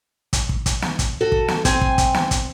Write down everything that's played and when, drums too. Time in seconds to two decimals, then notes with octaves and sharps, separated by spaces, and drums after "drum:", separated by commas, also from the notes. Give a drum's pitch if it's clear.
0.33 drum: kick, hi-hat
0.49 drum: kick
0.66 drum: kick, hi-hat
0.82 drum: snare
0.99 drum: kick, hi-hat
1.21 F#4 A4
1.32 drum: kick
1.48 drum: snare
1.65 C4 G#5, drum: kick, hi-hat
1.81 drum: kick
1.98 drum: kick, hi-hat
2.14 drum: snare
2.31 drum: kick, hi-hat